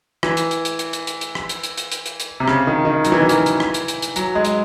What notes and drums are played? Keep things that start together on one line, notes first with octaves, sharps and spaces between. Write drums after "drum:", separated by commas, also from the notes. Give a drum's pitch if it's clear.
E3, drum: rim click
drum: hi-hat
drum: hi-hat
drum: hi-hat
drum: hi-hat
drum: hi-hat
drum: hi-hat
drum: hi-hat
drum: rim click
drum: hi-hat
drum: hi-hat
drum: hi-hat
drum: hi-hat
drum: hi-hat
drum: hi-hat
C3
C#3, drum: rim click
D#3
D#3
F#3, drum: hi-hat
E3
D#3
E3, drum: hi-hat
drum: hi-hat
drum: rim click
drum: hi-hat
drum: hi-hat
drum: hi-hat
F#3, drum: hi-hat
G#3
drum: hi-hat